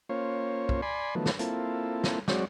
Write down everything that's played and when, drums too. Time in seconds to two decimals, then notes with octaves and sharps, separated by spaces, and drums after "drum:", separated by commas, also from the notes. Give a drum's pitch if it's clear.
0.09 A#3 C#4 F4 C5 C#5
0.69 drum: kick
0.82 D5 G#5 B5 C6
1.15 D#3 F3 F#3 A3 B3
1.26 drum: snare
1.39 A#3 C4 E4 F4 A4, drum: hi-hat
2.04 drum: snare
2.28 F#3 G#3 C4 F#4 C#5 D5, drum: snare